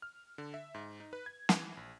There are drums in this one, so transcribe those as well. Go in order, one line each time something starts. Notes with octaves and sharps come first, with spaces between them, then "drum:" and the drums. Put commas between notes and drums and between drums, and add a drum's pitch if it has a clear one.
F6
D3
E5
G#2
D#4
B4
G#6
E3, drum: snare
A#1